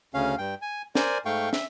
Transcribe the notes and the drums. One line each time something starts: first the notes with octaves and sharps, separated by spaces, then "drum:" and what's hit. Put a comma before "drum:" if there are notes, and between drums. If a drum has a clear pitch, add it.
D2 C#3 C#4 F5
G2 G5
G#5
A#4 C5 D5 G#5, drum: snare
G#2 A3 F5 G5 C#6
E5, drum: snare